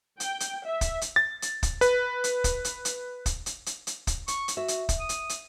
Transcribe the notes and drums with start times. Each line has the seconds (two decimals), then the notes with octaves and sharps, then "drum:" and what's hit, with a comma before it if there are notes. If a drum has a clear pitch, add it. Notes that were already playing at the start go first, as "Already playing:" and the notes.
0.20 G5, drum: hi-hat
0.40 drum: hi-hat
0.66 E5
0.81 drum: kick, hi-hat
1.01 drum: hi-hat
1.16 A6
1.42 drum: hi-hat
1.63 drum: kick, hi-hat
1.81 B4, drum: hi-hat
2.24 drum: hi-hat
2.44 drum: kick, hi-hat
2.65 drum: hi-hat
2.85 drum: hi-hat
3.26 drum: kick, hi-hat
3.46 drum: hi-hat
3.66 drum: hi-hat
3.87 drum: hi-hat
4.07 drum: kick, hi-hat
4.28 C#6, drum: hi-hat
4.48 drum: hi-hat
4.57 F#4 E5
4.68 drum: hi-hat
4.89 drum: kick, hi-hat
5.00 D#6
5.09 drum: hi-hat
5.29 drum: hi-hat